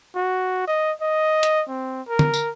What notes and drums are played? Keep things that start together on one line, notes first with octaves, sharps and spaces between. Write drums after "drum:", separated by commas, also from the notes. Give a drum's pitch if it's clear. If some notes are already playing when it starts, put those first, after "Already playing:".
F#4
D#5
D#5
drum: hi-hat
C4
A#4
drum: tom D3
drum: tambourine